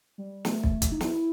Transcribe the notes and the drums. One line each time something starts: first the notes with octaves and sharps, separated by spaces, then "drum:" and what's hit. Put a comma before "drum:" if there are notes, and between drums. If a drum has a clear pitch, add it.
G3
A3, drum: snare
drum: kick
drum: kick, hi-hat
D#4
E4, drum: snare